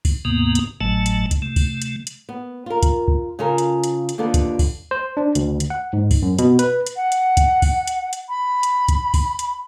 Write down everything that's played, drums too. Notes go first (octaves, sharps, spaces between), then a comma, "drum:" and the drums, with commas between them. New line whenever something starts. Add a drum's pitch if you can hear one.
drum: kick, open hi-hat
D#2 G#2 C3 A#3 B3
drum: hi-hat
G#1 A2 F#3 A3 A5
drum: hi-hat
drum: kick, hi-hat
C3 A3
drum: kick, open hi-hat
drum: hi-hat
drum: hi-hat
B3
F4 A#4
drum: kick, hi-hat
drum: kick
C#3 C#4 F4 A4 A#4
drum: hi-hat
drum: hi-hat
drum: hi-hat
D#2 D3 F4 A4 B4
drum: kick, hi-hat
drum: kick, open hi-hat
C5
D4
D2, drum: hi-hat
drum: hi-hat
F#5
G#2
drum: kick, open hi-hat
F#2
B2, drum: hi-hat
B4, drum: hi-hat
drum: hi-hat
F#5
drum: hi-hat
drum: kick, hi-hat
drum: kick, open hi-hat
drum: hi-hat
drum: hi-hat
B5
drum: hi-hat
drum: kick, hi-hat
drum: kick, open hi-hat
drum: hi-hat